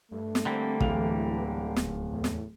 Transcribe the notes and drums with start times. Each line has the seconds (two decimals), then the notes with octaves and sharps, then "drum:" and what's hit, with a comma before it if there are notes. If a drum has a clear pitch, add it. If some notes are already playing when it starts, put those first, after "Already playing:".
0.11 G2 A3
0.35 drum: snare
0.45 D3 G3 A#3 C4
0.80 D1 E3 F5 F7, drum: kick
1.76 D#1, drum: snare
2.12 E2 A2
2.24 drum: snare